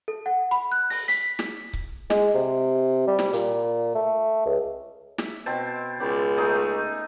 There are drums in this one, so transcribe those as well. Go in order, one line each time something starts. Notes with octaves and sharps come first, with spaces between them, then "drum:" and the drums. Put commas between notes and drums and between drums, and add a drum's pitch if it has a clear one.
A4
F#5
B5
F#6
A#6, drum: open hi-hat
B6, drum: hi-hat
drum: snare
drum: kick C#1
G#3, drum: snare
C3
G3
drum: snare
A#2, drum: hi-hat
A3
C#2
E5, drum: snare
B2 C4 A5
C#2 D5 G5 B5
A3 D#4 G#4